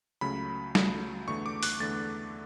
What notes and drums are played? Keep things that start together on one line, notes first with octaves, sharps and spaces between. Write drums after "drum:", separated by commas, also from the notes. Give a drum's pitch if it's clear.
C#2 C#3 F#3 A3 B5
C#2 C#3 F#3 A3, drum: snare
E2 D3 A3 C#6
D6
F#6, drum: open hi-hat
E2 D3 A3 A6